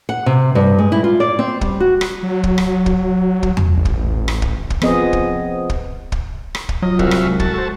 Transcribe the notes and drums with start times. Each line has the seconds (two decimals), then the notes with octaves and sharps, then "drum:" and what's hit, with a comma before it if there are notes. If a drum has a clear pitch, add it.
0.09 F#5
0.26 C3
0.55 G2
0.78 G#3
0.92 E4
1.04 F4
1.20 D5
1.39 C4
1.61 G3, drum: kick
1.80 F#4
2.01 drum: rim click
2.23 F#3
2.44 drum: kick
2.58 drum: rim click
2.86 drum: kick
3.43 drum: kick
3.57 drum: tom E2
3.76 A1
3.85 drum: kick
4.28 drum: rim click
4.42 drum: kick
4.70 drum: kick
4.82 F3 B3 C4 G#4 D#5, drum: rim click
5.13 drum: kick
5.70 drum: kick
6.12 drum: kick
6.55 drum: rim click
6.69 drum: kick
6.82 F#3 F4 D#5
6.99 C2 F#4 E5 F5, drum: kick
7.11 drum: rim click
7.25 G#3
7.40 F#4 A5, drum: kick
7.54 A4 C5